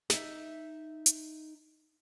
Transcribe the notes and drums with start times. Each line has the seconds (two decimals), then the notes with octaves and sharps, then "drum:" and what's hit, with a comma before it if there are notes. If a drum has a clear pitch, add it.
0.10 D#4 E5, drum: snare
1.06 drum: hi-hat